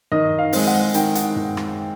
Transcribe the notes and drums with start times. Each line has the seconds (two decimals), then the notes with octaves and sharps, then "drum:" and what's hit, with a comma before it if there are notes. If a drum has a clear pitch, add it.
0.12 D#3 D#5, drum: tom
0.38 F5
0.53 G#3 C4, drum: open hi-hat
0.67 F#5
0.94 D#3 G5, drum: hi-hat
1.15 F#5, drum: hi-hat
1.36 drum: tom
1.57 drum: rim click